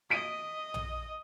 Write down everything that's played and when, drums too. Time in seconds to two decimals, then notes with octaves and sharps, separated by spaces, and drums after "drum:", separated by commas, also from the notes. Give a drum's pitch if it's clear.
0.10 D#5 B6 D7 D#7
0.74 drum: tom